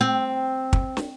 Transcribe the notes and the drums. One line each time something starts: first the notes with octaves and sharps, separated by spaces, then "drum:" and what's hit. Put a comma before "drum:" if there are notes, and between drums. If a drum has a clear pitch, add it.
C4
drum: kick
drum: snare